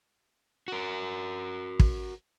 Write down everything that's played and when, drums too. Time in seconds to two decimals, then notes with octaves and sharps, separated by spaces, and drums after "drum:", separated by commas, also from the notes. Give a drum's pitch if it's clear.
0.68 F#4 A#4
1.80 drum: kick